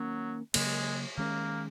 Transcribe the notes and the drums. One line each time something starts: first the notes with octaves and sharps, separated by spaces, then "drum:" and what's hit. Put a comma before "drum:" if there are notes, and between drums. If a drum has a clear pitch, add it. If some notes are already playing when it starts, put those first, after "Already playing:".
Already playing: D#3 F#3 A#3 C#4
C#3 F#3 G#3 A#3, drum: cymbal
D#3 G#3 A#3 C#4